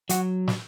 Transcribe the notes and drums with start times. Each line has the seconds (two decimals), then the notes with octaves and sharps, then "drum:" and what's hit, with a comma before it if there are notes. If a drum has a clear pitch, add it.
0.09 F#3 F#4, drum: hi-hat
0.48 drum: snare